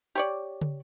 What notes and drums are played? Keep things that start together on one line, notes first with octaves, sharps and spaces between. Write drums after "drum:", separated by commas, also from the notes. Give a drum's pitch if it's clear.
G4 C#5 D5
drum: tom